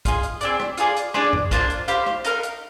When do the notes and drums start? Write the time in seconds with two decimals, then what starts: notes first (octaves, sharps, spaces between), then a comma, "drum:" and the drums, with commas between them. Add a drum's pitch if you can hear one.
0.05 F4 G#4 D#5, drum: kick, hi-hat
0.23 drum: hi-hat
0.41 C4 D#4 G#4 D5, drum: hi-hat
0.60 drum: rim click
0.77 F4 G#4 D5, drum: hi-hat
0.96 drum: hi-hat
1.14 D4 G#4 D5, drum: rim click
1.33 drum: tom F2
1.51 A#3 D4 F4 C5, drum: kick, hi-hat
1.70 drum: hi-hat
1.88 G4 C5 F5, drum: hi-hat
2.06 drum: rim click
2.24 D#4 A#4 F5, drum: hi-hat
2.43 drum: hi-hat